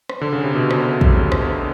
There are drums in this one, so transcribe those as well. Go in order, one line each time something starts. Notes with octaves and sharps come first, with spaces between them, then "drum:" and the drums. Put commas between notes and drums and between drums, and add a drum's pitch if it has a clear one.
drum: rim click
D3
C#3
C3
B2
drum: rim click
drum: kick
drum: rim click